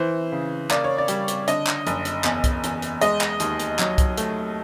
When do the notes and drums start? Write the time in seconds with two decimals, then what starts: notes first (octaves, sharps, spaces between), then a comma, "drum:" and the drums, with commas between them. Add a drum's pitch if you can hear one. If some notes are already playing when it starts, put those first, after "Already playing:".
Already playing: E3 C5
0.32 C#3
0.71 A#3 D5, drum: clap
0.84 C#5
0.98 D5
1.08 G3, drum: hi-hat
1.28 drum: hi-hat
1.48 D3 D#5, drum: hi-hat
1.67 drum: clap
1.87 F#1, drum: hi-hat
2.05 drum: hi-hat
2.24 E2, drum: clap
2.44 drum: kick C2, hi-hat
2.64 E2, drum: hi-hat
2.82 drum: hi-hat
3.01 G#3 D#5, drum: hi-hat
3.21 drum: clap
3.40 D#2, drum: hi-hat
3.60 drum: hi-hat
3.79 F#3, drum: clap
3.98 drum: kick C2, hi-hat
4.17 A3, drum: hi-hat